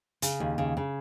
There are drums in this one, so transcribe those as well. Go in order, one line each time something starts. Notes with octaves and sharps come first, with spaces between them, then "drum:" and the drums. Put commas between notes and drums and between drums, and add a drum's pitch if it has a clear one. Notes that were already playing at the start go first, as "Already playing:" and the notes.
C#3, drum: hi-hat
D#2
C#3
C#3